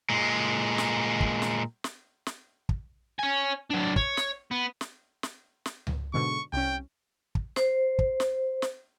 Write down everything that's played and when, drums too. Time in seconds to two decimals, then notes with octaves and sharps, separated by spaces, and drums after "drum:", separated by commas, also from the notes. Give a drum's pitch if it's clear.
0.09 A#2 G#3
0.78 drum: snare
1.21 drum: kick
1.42 drum: snare
1.84 drum: snare
2.26 drum: snare
2.69 drum: kick
3.19 C#5 G#5
3.70 F#3 D4
3.96 C#5, drum: kick
4.17 drum: snare
4.51 B3
4.81 drum: snare
5.23 drum: snare
5.66 drum: snare
5.87 drum: tom C#2
6.14 G#2 B2 D3 C#6
6.53 C2 C#4 G5
7.35 drum: kick
7.56 C5, drum: snare
7.99 drum: kick
8.20 drum: snare
8.62 drum: snare